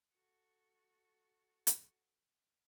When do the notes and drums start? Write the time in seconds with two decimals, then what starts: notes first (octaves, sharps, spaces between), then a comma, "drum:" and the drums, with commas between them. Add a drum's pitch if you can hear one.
0.14 F#4 A4
1.67 drum: hi-hat